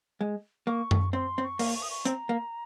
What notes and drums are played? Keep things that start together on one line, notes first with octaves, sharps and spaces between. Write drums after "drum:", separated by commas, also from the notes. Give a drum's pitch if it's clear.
G#3
A#3 C#6
drum: tom F#2
C4 C6
C4
C#6
A#3, drum: open hi-hat
C#6
D#6
C#6
C4 A#5, drum: hi-hat
A#3